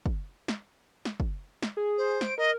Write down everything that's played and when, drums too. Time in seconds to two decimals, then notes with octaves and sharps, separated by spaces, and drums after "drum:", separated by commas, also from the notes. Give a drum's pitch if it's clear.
0.06 drum: kick
0.48 drum: snare
1.05 drum: snare
1.20 drum: kick
1.62 drum: snare
1.77 G#4
1.98 C5
2.21 D7, drum: snare
2.38 A#4 D#5